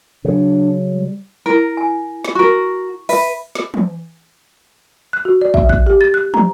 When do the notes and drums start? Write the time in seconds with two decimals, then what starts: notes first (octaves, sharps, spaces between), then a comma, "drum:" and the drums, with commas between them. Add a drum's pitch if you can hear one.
0.25 C#3 F#3 D4
0.92 G3
1.46 E4 A#4
1.77 G#5
2.25 drum: snare
2.35 F#4 A#4 C#6
3.09 B4 E5, drum: open hi-hat
3.55 drum: snare
3.74 drum: tom E3
5.13 F#6
5.25 F#4
5.41 D5
5.54 E5, drum: kick
5.69 F#6, drum: kick
5.87 G4
6.01 A6
6.14 F#6
6.34 A#5, drum: tom